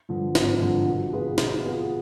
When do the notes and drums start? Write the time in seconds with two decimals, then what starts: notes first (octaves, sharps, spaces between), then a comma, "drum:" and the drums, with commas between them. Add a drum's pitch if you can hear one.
0.09 G2 D3 F3
0.35 G#1, drum: snare
0.61 G2 D3 F3
0.86 B2
1.13 B3 F4 G#4 B4
1.38 B2, drum: snare
1.64 B3 F4 G#4 B4